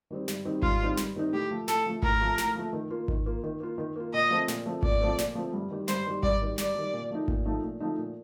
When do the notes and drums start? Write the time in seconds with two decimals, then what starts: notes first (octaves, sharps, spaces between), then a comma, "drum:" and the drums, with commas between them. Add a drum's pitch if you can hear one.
0.11 D#3 G3 C4 D#4
0.28 G2, drum: snare
0.45 D#3 G3 C4 D#4
0.62 G2 F4, drum: kick G#1
0.80 D#3 G3 C4 D#4
0.97 G2, drum: snare
1.16 D#3 G3 C4 D#4
1.32 A2 G4
1.50 F3 A3
1.68 A2 A4, drum: snare
1.86 F3 A3
2.02 A2 A#4, drum: kick G#1
2.21 F3 A3
2.38 A2, drum: snare
2.55 F3 A3
2.73 D#3
2.90 A#3 F4
3.08 D#3, drum: kick G#1
3.26 A#3 F4
3.44 D#3
3.60 A#3 F4
3.78 D#3
3.96 A#3 F4
4.13 A#2 D#5
4.30 F3 A3 C4
4.48 A#2, drum: snare
4.66 F3 A3 C4
4.83 A#2 D5, drum: kick G#1
5.00 F3 A3 C4
5.19 A#2, drum: snare
5.35 F3 A3 C4
5.53 G2
5.71 D#3 G3
5.88 G2 C5, drum: snare
6.06 D#3 G3
6.23 G2 D5, drum: kick G#1
6.41 D#3 G3
6.58 G2 D5, drum: snare
6.75 D#3 G3
6.93 A#2
7.11 F3 A3 D#4
7.28 A#2, drum: kick G#1
7.46 F3 A3 D#4
7.63 A#2
7.80 F3 A3 D#4
7.98 A#2